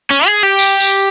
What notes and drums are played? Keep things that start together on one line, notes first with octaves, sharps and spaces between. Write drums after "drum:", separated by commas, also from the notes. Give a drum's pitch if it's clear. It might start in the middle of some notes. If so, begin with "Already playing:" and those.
C#4
G#4
G4
drum: tambourine
drum: tambourine